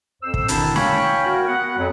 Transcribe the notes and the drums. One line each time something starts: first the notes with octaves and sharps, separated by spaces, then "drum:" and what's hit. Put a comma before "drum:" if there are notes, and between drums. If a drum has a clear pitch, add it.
F2 C5 E6
drum: kick
B2 D3 D#3 D4 E4, drum: hi-hat
C#5 F5 G5 G#5 B5 C#6, drum: snare
F#4 A#4
B3 F#5
F2 F#3